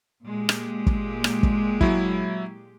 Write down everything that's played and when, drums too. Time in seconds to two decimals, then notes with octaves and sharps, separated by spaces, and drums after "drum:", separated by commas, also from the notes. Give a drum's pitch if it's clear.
0.24 A#2 G#3 G4
0.49 drum: rim click
0.86 drum: kick
1.24 drum: rim click
1.43 drum: kick
1.81 F#3 E4, drum: kick